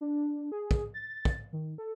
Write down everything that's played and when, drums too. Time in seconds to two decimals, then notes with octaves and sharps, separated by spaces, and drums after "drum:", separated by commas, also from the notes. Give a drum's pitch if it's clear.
0.01 D4
0.52 G#4
0.71 drum: kick
0.94 A6
1.25 drum: kick
1.53 D#3
1.78 A4